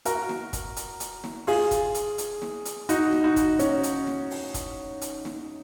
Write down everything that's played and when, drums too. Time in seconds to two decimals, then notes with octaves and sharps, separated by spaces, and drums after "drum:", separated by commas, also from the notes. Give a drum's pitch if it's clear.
0.05 F#4 A#4, drum: hi-hat
0.29 drum: snare
0.53 drum: kick, hi-hat
0.76 drum: hi-hat
1.00 drum: hi-hat
1.24 drum: snare
1.47 F4 G#4, drum: open hi-hat
1.71 drum: kick, hi-hat
1.95 drum: hi-hat
2.18 drum: hi-hat
2.42 drum: snare
2.65 drum: hi-hat
2.89 D#4 F#4, drum: hi-hat
3.13 drum: snare
3.24 D#4 F#4
3.36 drum: kick, hi-hat
3.59 C#4, drum: hi-hat
3.83 drum: hi-hat
4.07 drum: snare
4.31 drum: open hi-hat
4.54 drum: kick, hi-hat
5.01 drum: hi-hat
5.25 drum: snare